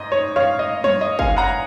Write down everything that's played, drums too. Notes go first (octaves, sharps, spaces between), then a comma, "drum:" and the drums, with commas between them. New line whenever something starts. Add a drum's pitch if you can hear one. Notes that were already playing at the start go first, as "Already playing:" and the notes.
Already playing: G#2 D#5
C#5
C#5 F5
D#5
C#5, drum: tom F#3
D#5
F5 G#5, drum: kick
F#5 A#5